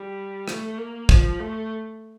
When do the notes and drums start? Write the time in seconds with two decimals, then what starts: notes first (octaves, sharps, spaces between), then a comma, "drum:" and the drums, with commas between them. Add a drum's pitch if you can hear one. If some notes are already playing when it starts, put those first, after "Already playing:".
Already playing: G3
0.48 A3, drum: rim click
0.78 A#3
1.09 F3, drum: kick
1.39 A3